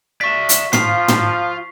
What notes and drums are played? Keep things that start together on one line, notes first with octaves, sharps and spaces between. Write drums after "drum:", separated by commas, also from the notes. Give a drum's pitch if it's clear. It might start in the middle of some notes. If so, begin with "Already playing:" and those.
D5 E5 C#6 B6
drum: hi-hat
F3 F4 C7, drum: tom
drum: tom